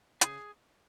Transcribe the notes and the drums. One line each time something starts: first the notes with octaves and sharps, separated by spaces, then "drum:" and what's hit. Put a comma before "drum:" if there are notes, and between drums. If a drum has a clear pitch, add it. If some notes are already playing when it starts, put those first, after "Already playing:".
C#3 G#4, drum: hi-hat